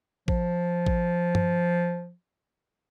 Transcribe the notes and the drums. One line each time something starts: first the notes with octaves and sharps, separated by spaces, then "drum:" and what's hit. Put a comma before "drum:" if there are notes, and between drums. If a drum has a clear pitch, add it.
F3, drum: kick
drum: kick
drum: tom G2